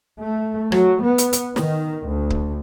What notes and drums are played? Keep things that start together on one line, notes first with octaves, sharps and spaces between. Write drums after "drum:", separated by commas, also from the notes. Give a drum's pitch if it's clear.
A3
F#3, drum: rim click
B3
drum: hi-hat
drum: hi-hat
D#3, drum: snare
D2
drum: kick C#1